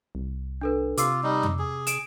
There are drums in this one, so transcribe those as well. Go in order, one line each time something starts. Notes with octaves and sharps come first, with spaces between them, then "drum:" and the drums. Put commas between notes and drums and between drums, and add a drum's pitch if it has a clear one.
C2
D4 A4 B4
C3 F4 D6 E6 C7, drum: hi-hat
G3 D#4
drum: tom F2
G#4
D7 E7, drum: hi-hat